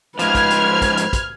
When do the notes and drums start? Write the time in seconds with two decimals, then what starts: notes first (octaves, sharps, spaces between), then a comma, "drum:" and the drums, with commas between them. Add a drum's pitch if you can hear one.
0.19 G#2 F3 B4 C5 F6 G#6, drum: hi-hat
0.35 drum: kick, hi-hat
0.50 drum: hi-hat
0.82 drum: kick, hi-hat
0.97 drum: hi-hat
1.13 drum: kick, hi-hat